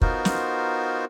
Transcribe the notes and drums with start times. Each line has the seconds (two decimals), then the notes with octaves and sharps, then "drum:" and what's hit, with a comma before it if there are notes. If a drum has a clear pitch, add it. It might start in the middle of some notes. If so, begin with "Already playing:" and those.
0.01 B3 D#4 F4 F#4 A#4 C5, drum: kick
0.25 drum: snare